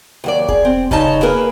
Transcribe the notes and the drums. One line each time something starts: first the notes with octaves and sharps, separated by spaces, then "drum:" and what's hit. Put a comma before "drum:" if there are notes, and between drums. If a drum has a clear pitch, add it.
D#2 F#3 D5
G#4, drum: kick E1
C4
G2 C#3 C#4 D#4 A5, drum: kick E1
A#3 G#4 A#4 B4